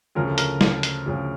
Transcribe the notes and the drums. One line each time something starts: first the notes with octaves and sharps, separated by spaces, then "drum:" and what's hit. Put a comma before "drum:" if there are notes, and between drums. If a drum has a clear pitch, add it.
D2 C#3 F3 A#4
A4
A#4, drum: hi-hat
drum: snare
drum: hi-hat
D2 C#3 F3